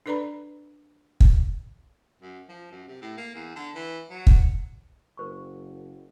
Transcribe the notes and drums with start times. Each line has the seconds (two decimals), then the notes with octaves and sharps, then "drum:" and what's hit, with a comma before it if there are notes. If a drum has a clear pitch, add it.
0.06 D4 A4 B4 D5 A#5 B5
1.20 drum: kick
2.22 F#2
2.49 F3
2.71 F#2
2.88 C3
3.02 A2
3.17 A#3
3.35 E2
3.56 D3
3.75 E3
4.10 F#3
4.27 drum: kick
5.17 F#1 A#4 C5 C#6